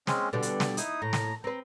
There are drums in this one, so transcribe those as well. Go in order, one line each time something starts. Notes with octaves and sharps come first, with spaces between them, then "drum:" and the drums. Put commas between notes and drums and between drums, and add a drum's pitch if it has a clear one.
G#3 C4 C#4, drum: snare
B2 D3 G3 D5
drum: hi-hat
drum: snare
D#4 E4 D#6, drum: hi-hat
A2 A#5
drum: snare
C4 B4 A#5